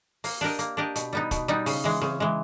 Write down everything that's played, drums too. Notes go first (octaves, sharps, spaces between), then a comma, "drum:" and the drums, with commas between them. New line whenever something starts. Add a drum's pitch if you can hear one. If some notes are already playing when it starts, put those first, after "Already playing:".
A#3, drum: open hi-hat
D4 G4 A#4 D#5
A#3, drum: hi-hat
D4 G4 A#4 D#5
B2, drum: hi-hat
G3 B3 D#4
B2, drum: kick, hi-hat
G3 B3 D#4
C#3, drum: open hi-hat
E3 G#3
C#3, drum: snare C4
E3 G#3